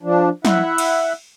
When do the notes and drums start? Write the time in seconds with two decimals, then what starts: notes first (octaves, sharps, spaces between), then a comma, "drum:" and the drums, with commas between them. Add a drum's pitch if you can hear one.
0.03 F3 D4
0.45 E4 E5 F#5, drum: snare F3
0.78 drum: cymbal